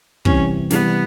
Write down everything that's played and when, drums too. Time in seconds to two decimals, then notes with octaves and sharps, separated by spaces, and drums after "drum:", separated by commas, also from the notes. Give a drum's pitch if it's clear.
0.25 C3 E3 G3 C4 C#4, drum: kick
0.70 C3 E3 G3 B3 C4, drum: snare